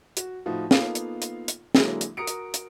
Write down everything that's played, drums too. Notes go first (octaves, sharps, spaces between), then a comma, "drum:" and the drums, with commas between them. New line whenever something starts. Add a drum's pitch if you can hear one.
F#4, drum: hi-hat
A2 F3 D#4 F#4
A#3 B3 D#4 F4 A4 F5, drum: snare
drum: hi-hat
drum: hi-hat
drum: hi-hat
D3 F#3 G#3 A#3 E4, drum: snare
drum: hi-hat
F#4 A#4 A#5 D#6 C#7 D7
drum: hi-hat
drum: hi-hat